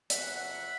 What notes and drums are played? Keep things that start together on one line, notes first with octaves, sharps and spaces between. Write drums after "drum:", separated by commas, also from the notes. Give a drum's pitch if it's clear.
F2 C#3 F#3 E5 F#5, drum: hi-hat